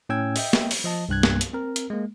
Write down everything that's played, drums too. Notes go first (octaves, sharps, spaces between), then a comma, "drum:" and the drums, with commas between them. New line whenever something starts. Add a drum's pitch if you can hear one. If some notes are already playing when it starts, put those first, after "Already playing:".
A2 C#4 G5 E6 G#6
D#5 E5 G5, drum: open hi-hat
drum: snare
drum: open hi-hat
F3 D#5 A5
C2 G2 F#6 G#6
drum: snare
drum: hi-hat
C4 A#4
drum: hi-hat
G#3 A#3